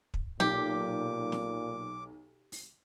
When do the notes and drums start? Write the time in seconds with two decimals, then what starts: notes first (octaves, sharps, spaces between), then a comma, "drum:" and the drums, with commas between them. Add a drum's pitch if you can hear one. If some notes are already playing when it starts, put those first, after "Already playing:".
0.14 drum: kick
0.40 B1 A#2 G4 D6, drum: snare
1.32 drum: snare
2.52 drum: open hi-hat